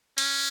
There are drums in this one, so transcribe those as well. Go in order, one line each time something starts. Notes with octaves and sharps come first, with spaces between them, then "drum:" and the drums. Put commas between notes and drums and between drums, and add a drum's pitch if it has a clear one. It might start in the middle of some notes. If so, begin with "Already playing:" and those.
C#4, drum: cymbal